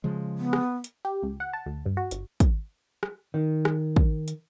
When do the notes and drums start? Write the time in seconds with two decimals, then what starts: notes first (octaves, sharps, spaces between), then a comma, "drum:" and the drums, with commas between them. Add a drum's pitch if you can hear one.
0.04 C#3 F3 G#3
0.38 B3
0.53 drum: rim click
0.84 drum: hi-hat
1.05 G4
1.23 C#2
1.40 F#5
1.53 A5
1.66 D2
1.86 G2
1.97 F#4
2.11 G1, drum: hi-hat
2.40 drum: kick, hi-hat
3.03 drum: rim click
3.34 D#3
3.65 drum: rim click
3.96 drum: kick
4.28 drum: hi-hat